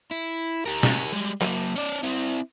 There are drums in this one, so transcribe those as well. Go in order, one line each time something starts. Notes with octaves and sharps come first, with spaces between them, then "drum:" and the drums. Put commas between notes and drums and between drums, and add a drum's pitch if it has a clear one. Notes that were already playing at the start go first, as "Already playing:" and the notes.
E4
G4 A#4
drum: snare
G3 G#3
F#3 A#3, drum: clap
C#4 D5
C4 E4